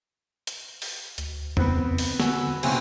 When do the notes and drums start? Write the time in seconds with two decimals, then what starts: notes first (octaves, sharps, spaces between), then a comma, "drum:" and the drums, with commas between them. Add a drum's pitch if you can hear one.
0.47 drum: hi-hat
0.82 drum: open hi-hat
1.18 D2, drum: hi-hat
1.57 B3 C4, drum: tom E2
1.98 drum: open hi-hat
2.20 D3 F#4 G#5 E6, drum: snare
2.63 B1 E2 C#3 C4 C#4, drum: cymbal